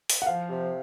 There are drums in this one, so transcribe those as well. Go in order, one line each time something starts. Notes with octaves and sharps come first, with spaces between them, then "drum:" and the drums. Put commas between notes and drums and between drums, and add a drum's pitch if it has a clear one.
drum: open hi-hat
F#5
F3 F5
C3